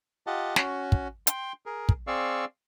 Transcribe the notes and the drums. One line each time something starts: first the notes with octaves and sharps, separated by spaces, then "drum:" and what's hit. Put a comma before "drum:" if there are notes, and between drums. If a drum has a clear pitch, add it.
F4 G4 D#5 F#5 A5
C#4 F#4, drum: snare
drum: kick
G5 C6, drum: hi-hat
G#4 A#4
drum: kick
C4 G#4 D5 F5 C#6 E6